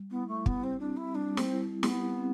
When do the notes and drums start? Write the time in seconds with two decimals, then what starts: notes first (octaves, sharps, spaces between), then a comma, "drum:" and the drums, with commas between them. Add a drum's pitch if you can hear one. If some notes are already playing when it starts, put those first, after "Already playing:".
Already playing: G3
0.11 B3 E4
0.28 A3
0.46 B3 G4, drum: kick
0.64 C4
0.80 C4 D4
0.97 E4
1.14 G3 D4
1.37 C4, drum: snare
1.49 E4
1.83 B3 G4, drum: snare
2.18 C4